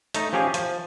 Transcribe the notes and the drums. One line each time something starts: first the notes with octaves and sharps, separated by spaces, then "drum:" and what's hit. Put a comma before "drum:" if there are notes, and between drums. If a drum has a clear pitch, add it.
A3 D#4, drum: hi-hat
F3 C#4 G4 G#4 F5 G#5
F3, drum: hi-hat